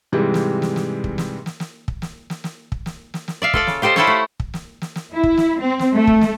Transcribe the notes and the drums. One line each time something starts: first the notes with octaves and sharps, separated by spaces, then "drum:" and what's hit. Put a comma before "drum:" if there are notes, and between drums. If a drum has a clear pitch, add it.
G#2 C3 E3 G3 G#3
drum: snare
drum: snare
drum: snare
drum: kick
drum: snare
drum: snare
drum: snare
drum: kick
drum: snare
drum: snare
drum: snare
drum: kick
drum: snare
drum: snare
drum: snare
D5 E5 F5
F4 A4 D5, drum: kick
C#3, drum: snare
F4 G4 A4 C5 D#5
E4 F4 G4 A4 C5 C#5, drum: snare
A3 F#5
drum: kick
drum: snare
drum: snare
drum: snare
E4
drum: kick
drum: snare
C4
drum: snare
A3
drum: kick
drum: snare